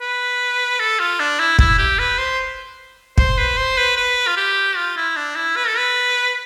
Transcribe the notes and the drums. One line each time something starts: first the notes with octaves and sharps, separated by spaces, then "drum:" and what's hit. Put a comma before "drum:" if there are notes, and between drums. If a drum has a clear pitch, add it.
B4
A4
F4
D4
E4
E4, drum: kick
G4
B4
C5
C5, drum: kick
B4
C5
B4
B4
F4
G4
F4
E4
D4
E4
B4
A4
B4